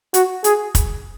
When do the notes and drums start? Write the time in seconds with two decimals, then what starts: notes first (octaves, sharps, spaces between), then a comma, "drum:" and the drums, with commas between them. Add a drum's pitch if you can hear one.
0.14 F#4, drum: hi-hat
0.44 G#4, drum: hi-hat
0.75 drum: kick, hi-hat